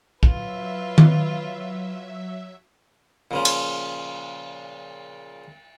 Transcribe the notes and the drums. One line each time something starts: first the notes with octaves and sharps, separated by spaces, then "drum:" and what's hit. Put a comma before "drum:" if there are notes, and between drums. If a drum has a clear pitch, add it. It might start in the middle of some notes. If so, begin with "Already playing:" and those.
F#3 F4 B4 E5, drum: kick
drum: tom D#3
A#2 C#3 F3
drum: cymbal